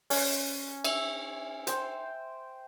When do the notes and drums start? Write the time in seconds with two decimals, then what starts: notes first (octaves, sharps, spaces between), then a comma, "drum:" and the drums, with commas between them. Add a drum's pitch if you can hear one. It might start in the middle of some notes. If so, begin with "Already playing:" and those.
0.10 C#4, drum: open hi-hat
0.85 E5, drum: cymbal
1.67 C5 G5, drum: hi-hat